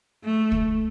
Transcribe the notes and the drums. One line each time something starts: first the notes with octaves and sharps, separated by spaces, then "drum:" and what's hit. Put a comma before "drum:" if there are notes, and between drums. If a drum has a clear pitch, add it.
A3
drum: kick C#2